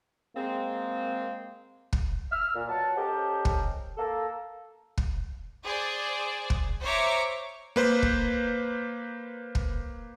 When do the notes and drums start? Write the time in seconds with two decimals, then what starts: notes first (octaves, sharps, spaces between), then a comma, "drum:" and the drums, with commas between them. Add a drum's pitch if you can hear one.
0.36 G#3 A#3 C4
1.93 drum: kick
2.31 E6 F6
2.54 A#2
2.69 B2 F#3 F#5 A5
2.96 C#4 G4 A4 A#4 C5 D#5
3.45 drum: kick
3.97 A#3 A4
4.98 drum: kick
5.63 G#4 C5 D5
6.50 drum: kick
6.82 C5 C#5 E5 A#5 C#6 D6
7.76 A#3 B4 C5
8.02 drum: kick
9.55 drum: kick